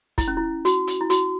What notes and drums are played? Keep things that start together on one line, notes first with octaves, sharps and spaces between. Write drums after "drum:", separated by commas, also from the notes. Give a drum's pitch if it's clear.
E4, drum: kick, hi-hat
C#4
E4
F#4, drum: hi-hat
drum: hi-hat
E4
F#4, drum: hi-hat